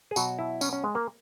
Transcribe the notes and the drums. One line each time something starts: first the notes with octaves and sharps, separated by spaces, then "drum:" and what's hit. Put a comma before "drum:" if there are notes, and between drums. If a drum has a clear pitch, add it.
G#4
B2 F#3 F#4, drum: tambourine
E4
C#4, drum: tambourine
C#4
G#3
A#3